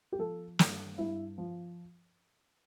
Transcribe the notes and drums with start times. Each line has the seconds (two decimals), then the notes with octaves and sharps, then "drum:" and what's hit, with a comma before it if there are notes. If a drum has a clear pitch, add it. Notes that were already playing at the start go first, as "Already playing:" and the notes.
0.12 G4
0.19 F3 A4
0.59 G2, drum: snare
0.98 G2 E4
1.38 F3